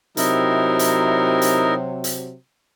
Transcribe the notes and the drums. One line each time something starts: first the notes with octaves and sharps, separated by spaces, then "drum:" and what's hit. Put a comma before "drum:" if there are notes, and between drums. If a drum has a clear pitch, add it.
C3 F#3 D#4 E4 A#4, drum: hi-hat
drum: hi-hat
drum: hi-hat
drum: hi-hat